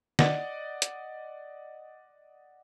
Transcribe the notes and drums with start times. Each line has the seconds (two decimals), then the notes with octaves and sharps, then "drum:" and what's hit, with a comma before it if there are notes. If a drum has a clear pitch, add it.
0.19 D5 D#5 F#5, drum: snare
0.82 drum: hi-hat